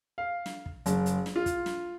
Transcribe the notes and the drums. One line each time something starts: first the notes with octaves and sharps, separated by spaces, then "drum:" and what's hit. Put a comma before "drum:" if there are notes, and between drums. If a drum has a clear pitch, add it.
F5
drum: snare
drum: kick
F#1, drum: hi-hat
drum: hi-hat
drum: snare
F4
drum: kick, hi-hat
drum: snare